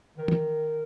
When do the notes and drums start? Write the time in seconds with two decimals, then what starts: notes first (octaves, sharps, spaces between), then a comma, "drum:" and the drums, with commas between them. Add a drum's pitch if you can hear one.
0.18 D#3 A#4
0.28 drum: tom